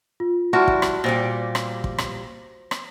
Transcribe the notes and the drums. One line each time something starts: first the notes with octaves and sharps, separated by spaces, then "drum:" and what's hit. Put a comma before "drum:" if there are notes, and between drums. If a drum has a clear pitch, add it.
F4
G3 E4 F#4 A5 C6 F6
drum: kick
drum: rim click
A#2 G3 G4 C5 A#6
drum: rim click
drum: kick
drum: rim click
drum: rim click